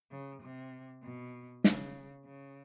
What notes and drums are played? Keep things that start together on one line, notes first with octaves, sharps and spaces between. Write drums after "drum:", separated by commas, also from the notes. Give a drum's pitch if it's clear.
C#3
C3
B2
C#3, drum: snare
C#3